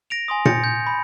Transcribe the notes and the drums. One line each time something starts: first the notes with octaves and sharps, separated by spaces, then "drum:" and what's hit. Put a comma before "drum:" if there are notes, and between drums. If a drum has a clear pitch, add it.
A#6 D7 F7
G#5 C6 D#6
G6 A6 A#6 C#7, drum: tom A#2
G6
B5